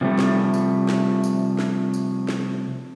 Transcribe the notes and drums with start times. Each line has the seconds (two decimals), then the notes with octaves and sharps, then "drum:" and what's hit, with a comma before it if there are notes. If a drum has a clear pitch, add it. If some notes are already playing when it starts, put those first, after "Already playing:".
0.01 C3 F3 G3 A3
0.19 drum: snare
0.54 drum: tambourine
0.89 drum: snare
1.24 drum: tambourine
1.59 drum: snare
1.94 drum: tambourine
2.29 drum: snare